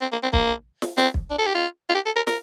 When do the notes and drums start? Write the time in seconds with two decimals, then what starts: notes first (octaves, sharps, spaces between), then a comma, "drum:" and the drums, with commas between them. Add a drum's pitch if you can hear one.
0.01 C4
0.12 A#3
0.23 C4
0.33 A#3, drum: kick
0.82 drum: snare
0.97 C4, drum: snare
1.14 drum: kick
1.30 D4
1.38 A4
1.46 G4
1.54 F4
1.90 F4
1.95 G4
2.06 A4
2.16 A#4
2.27 A#4, drum: snare